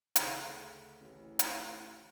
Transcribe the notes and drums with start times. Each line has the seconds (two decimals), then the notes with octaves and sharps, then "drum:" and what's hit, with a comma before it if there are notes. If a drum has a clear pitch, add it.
0.16 D2 C#3, drum: hi-hat
1.01 A1
1.39 drum: hi-hat